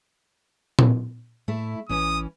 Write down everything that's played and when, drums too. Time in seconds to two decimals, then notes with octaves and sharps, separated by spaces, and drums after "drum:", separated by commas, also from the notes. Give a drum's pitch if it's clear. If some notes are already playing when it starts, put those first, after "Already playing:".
0.79 drum: tom A#2
1.48 A2 A3 E4
1.89 A1 E3 C#4 D#6